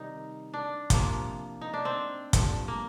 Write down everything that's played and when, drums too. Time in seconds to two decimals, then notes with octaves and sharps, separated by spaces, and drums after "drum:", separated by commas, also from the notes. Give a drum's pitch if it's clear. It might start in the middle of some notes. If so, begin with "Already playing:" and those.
Already playing: C3 D#3 G3 D#4
0.54 D4
0.90 C3 F3 A#3, drum: kick, hi-hat
1.61 D#4
1.74 D4
1.85 C4
2.33 G2 F3 A3, drum: kick, hi-hat
2.68 A#3